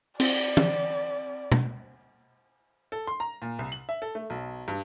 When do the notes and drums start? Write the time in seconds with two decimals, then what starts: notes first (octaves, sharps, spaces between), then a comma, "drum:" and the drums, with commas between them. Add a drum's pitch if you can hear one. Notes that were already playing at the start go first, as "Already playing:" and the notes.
0.20 C4 D5, drum: cymbal
0.57 drum: tom
1.52 drum: tom
2.92 A4
3.07 C6
3.20 A#5
3.42 A#2
3.59 C2
3.72 F#7
3.89 E5
4.02 A4
4.15 A3
4.30 B1
4.68 G2